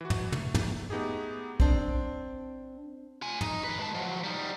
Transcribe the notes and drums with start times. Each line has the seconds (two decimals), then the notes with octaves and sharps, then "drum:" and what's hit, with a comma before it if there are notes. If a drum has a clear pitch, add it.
0.01 E3 F#4
0.10 drum: tom
0.32 A3, drum: tom
0.55 drum: tom
0.90 A3 B3 D#4 G4 G#4
1.60 C4 D4, drum: kick
3.22 F4 G#5
3.41 D#4, drum: tom
3.64 D#3 B4
3.79 G#3 A5
3.95 F3 F#3
4.24 G3 D#4